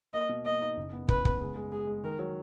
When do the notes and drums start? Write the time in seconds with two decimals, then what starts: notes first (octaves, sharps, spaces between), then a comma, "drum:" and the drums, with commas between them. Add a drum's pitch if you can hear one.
0.14 A#3 D#5
0.29 B2
0.45 A#3 D#5
0.61 D#4
0.77 F#1
0.93 B3
1.09 F#1 B4, drum: kick
1.25 B3, drum: kick
1.41 G#3
1.56 G#3
1.72 G#3 G#4
1.87 G#3
2.04 D#3 A#4
2.19 F#3